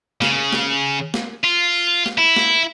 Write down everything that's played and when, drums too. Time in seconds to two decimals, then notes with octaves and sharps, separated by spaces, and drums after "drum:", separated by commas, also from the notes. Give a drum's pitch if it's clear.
0.22 C#3, drum: snare
0.53 drum: snare
1.14 drum: snare
1.44 F4
2.06 drum: snare
2.18 E4
2.36 drum: snare